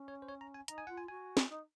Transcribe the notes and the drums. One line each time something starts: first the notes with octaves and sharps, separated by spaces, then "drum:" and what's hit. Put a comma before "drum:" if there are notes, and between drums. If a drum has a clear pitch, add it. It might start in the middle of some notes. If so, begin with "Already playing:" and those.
Already playing: C#4
C#5
C5
C#5
A#5
G#5
D#4 A#5, drum: hi-hat
G#5
F4 F#5
G#5
F#4 G#5
drum: snare
D#4